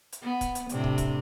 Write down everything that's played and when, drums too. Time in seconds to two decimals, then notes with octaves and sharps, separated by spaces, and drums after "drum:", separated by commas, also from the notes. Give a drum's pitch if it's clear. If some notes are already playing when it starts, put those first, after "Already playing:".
0.13 drum: hi-hat
0.22 B3
0.41 drum: kick, hi-hat
0.55 drum: hi-hat
0.69 A2 C3 D4, drum: hi-hat
0.84 drum: kick
0.98 drum: kick, hi-hat